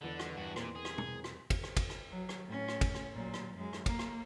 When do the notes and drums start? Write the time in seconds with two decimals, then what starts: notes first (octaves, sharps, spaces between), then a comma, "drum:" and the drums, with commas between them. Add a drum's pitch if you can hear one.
0.01 E2 D3 D#5 B5
0.19 drum: rim click
0.37 G2 F#4
0.56 A#2 C4 A#4 C5, drum: rim click
0.75 G#4
0.85 drum: rim click
0.98 drum: tom
1.24 drum: rim click
1.50 drum: kick, cymbal
1.63 drum: rim click
1.77 drum: kick, cymbal
1.90 drum: rim click
2.10 F#3
2.29 drum: rim click
2.47 A2 C#4
2.68 drum: rim click
2.81 drum: kick, cymbal
2.94 drum: rim click
3.13 A#2 F#3
3.34 drum: rim click
3.56 F#2 G#3
3.73 drum: rim click
3.86 A#3, drum: kick, cymbal
3.99 drum: rim click